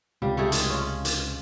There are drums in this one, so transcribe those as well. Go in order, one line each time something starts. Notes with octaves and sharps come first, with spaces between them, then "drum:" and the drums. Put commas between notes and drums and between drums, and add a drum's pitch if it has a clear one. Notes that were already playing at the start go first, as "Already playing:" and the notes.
C#2 C3 G3 F5
G3 A3 G#4
G#3, drum: hi-hat
C#4 F4
drum: hi-hat